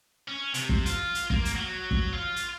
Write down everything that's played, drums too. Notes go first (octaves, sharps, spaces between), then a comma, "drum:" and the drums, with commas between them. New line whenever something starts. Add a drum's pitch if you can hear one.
C#4
C3, drum: hi-hat
drum: kick
F4, drum: hi-hat
drum: hi-hat
A#3, drum: kick
drum: hi-hat
F#3
drum: kick
F4
drum: hi-hat